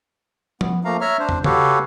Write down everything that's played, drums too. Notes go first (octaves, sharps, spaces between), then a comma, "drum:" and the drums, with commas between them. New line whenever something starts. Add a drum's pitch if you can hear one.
B3, drum: tom F3
F3 A3 A#3 F5 A#5
C#5 E5 A#5 F6
D4 C5
drum: tom
F#4 G4 A4 B4 C#5 F5, drum: tom C#3